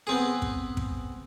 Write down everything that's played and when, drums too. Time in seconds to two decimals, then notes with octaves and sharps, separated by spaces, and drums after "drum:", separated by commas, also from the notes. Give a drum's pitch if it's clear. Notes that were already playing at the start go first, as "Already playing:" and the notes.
0.07 B3 C4 G#4
0.42 drum: kick
0.77 drum: kick